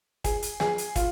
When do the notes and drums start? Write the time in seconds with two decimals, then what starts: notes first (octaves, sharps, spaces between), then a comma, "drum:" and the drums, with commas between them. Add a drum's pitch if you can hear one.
0.24 G#4, drum: kick, hi-hat
0.42 drum: hi-hat
0.60 G#4, drum: snare
0.78 drum: hi-hat
0.96 F4, drum: kick, hi-hat